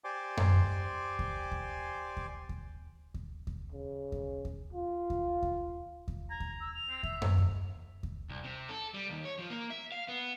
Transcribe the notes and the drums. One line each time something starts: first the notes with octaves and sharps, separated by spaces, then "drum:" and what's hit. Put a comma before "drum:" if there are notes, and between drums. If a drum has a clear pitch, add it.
G4 C5 D5 G#5 C6 D6
drum: tom F#2
drum: kick D#2
drum: kick D#2
drum: kick D#2
drum: kick D#2
drum: kick D#2
drum: kick D#2
drum: kick D#2
C#3
drum: kick D#2
drum: kick D#2
F4
drum: kick D#2
drum: kick D#2
drum: kick D#2
A#5 G#6
drum: kick D#2
E6
F7
C4
E5, drum: kick D#2
drum: tom F#2
drum: kick D#2
drum: kick D#2
C2
C3
A4
G3
D#2
C#5
F3
A#3
E5
F5
B3